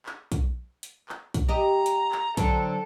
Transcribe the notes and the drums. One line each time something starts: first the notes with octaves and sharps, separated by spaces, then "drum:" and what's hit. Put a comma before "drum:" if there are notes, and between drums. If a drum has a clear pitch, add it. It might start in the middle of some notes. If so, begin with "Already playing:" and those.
drum: clap
drum: kick, hi-hat
drum: hi-hat
drum: clap
drum: kick, hi-hat
G4 D#5 A#5
drum: hi-hat
drum: clap
D3 F#3 C4 A4, drum: kick, hi-hat